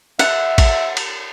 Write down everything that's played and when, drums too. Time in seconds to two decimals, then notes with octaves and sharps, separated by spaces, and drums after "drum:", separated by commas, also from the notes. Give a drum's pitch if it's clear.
0.19 E5 F#5, drum: cymbal
0.58 drum: kick, cymbal
0.97 drum: cymbal